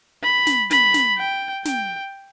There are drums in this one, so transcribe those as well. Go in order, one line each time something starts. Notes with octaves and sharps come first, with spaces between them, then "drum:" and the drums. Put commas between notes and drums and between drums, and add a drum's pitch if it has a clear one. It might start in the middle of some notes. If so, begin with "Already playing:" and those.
B5
drum: snare
B5, drum: snare
drum: snare
G5
G5, drum: snare